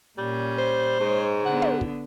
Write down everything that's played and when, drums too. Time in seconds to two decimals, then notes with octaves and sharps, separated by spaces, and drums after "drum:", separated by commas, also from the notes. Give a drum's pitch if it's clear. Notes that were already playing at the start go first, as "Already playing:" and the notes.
0.18 A#2 G3 C#4
0.58 C5
1.00 G#2 G#3 C#5
1.46 D3 B3 F#5
1.62 drum: tom
1.81 drum: kick